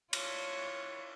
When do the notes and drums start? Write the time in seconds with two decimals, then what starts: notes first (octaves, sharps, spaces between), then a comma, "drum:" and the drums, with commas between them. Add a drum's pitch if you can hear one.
0.13 F4 C#5, drum: cymbal